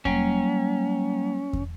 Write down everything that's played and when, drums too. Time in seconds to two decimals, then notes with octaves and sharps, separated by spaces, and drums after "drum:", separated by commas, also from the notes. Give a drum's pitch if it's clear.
0.05 F#3 G3 A#3 C#4, drum: kick E2
1.53 drum: kick E2